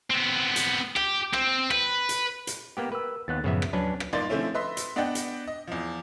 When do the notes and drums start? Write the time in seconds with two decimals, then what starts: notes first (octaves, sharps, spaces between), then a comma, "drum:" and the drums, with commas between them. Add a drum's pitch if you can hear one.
0.10 B3 C4
0.56 drum: hi-hat
0.96 G4, drum: rim click
1.33 C4, drum: rim click
1.71 B4, drum: rim click
2.09 drum: hi-hat
2.47 drum: hi-hat
2.77 A#3 B3 G4
2.92 A#4 B4 E6
3.28 D#2 B3 F#6 A6
3.44 F#2 A2 C#3 F3 B3 E5
3.62 drum: rim click
3.73 D#2 F#3 C#4 D4 B4
4.00 drum: rim click
4.13 G1 A#3 D#4 D5 C6 A6
4.29 D3 F3 A3 C4 C#4 E4
4.54 B4 D#5 E5 C6
4.77 drum: hi-hat
4.96 B3 D4 D5 D#5 F#5 G5
5.15 drum: hi-hat
5.47 D#5
5.67 E2 F3